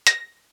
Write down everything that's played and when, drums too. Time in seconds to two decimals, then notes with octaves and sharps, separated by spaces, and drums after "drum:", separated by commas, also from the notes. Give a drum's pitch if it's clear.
0.07 A#6, drum: hi-hat